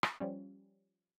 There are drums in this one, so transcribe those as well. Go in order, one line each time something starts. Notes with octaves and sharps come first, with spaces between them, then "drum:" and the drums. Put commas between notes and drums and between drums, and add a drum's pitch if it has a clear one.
drum: rim click
F3 G3 C#4